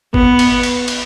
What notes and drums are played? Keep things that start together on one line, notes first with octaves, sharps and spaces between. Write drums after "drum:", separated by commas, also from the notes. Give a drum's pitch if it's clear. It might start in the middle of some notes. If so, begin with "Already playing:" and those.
B3, drum: kick G1
drum: cymbal
drum: cymbal
drum: cymbal